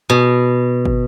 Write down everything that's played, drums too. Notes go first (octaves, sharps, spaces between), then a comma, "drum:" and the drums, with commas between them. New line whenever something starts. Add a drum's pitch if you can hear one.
B2
drum: kick